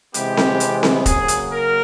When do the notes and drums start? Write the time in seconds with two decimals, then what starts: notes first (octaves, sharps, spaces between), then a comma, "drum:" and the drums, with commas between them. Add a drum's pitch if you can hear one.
0.14 C3 E3 G#3 B3 G4, drum: hi-hat
0.37 drum: snare C4
0.60 drum: hi-hat
0.83 drum: snare C4
1.06 C#3 F#3 A#3 G#4, drum: kick, hi-hat
1.28 drum: hi-hat
1.51 A#4